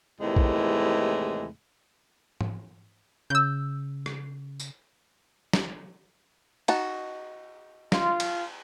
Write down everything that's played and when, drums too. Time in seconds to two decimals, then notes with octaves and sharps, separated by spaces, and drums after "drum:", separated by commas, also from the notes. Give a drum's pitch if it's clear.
0.21 D#2 A2 C3 E3 G#3
0.36 drum: kick A#1
2.41 drum: tom G#2
3.30 C#3 E6 G6
4.06 drum: rim click
4.60 drum: tambourine
5.53 drum: snare
6.68 D#4 F#4 A5, drum: cymbal
7.92 F4, drum: snare
8.20 drum: cymbal